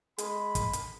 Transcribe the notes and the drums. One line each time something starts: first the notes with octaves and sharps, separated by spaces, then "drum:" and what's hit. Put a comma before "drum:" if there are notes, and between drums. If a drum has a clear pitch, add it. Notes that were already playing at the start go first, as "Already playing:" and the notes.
G#3 B5, drum: hi-hat
drum: kick, hi-hat
drum: hi-hat